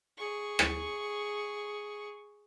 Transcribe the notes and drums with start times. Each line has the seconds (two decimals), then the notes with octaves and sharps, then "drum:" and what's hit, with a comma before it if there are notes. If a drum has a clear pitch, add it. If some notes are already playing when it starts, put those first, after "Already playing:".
0.17 G#4 C#6
0.59 drum: rim click